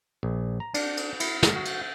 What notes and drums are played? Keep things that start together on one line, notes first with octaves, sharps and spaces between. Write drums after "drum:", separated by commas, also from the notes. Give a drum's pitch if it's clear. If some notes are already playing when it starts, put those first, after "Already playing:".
A#1
A#5
D4, drum: cymbal
drum: cymbal
E4, drum: cymbal
drum: snare
F#4
drum: cymbal